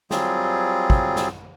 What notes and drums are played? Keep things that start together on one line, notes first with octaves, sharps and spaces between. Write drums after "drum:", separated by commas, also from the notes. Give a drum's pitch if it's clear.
F#3 G3 C4 F4 G#4, drum: snare
drum: kick
drum: snare